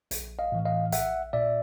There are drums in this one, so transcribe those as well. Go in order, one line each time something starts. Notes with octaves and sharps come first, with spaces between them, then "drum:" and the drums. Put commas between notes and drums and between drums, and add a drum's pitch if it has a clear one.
A#1, drum: hi-hat
D#5 F5
A2 E3
D#5 F5
A#1 E5 F#5, drum: hi-hat
A#2 D5 E5